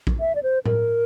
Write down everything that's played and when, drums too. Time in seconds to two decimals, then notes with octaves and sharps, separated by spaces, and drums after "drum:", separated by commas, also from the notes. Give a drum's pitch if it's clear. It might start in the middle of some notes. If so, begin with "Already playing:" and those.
0.07 drum: kick A#1
0.20 E5
0.35 D5
0.43 C5
0.66 A#4, drum: tom A2